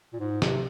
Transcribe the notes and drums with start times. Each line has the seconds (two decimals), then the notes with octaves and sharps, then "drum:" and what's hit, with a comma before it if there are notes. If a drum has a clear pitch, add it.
0.13 A#2
0.20 G#2
0.42 C3, drum: snare